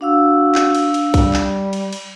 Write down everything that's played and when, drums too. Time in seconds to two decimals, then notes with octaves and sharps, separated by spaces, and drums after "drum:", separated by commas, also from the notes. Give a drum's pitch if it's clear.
0.01 D4 F#4 F5 E6
0.55 drum: clap
0.75 drum: cymbal
0.94 drum: cymbal
1.14 G3, drum: kick B1, cymbal
1.34 drum: clap
1.73 drum: cymbal
1.93 drum: cymbal